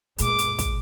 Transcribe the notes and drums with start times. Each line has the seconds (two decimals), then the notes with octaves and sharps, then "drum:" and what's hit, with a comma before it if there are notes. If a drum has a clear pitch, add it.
0.18 F#2 A#2 G#3 D6, drum: hi-hat
0.38 drum: hi-hat
0.59 drum: kick, hi-hat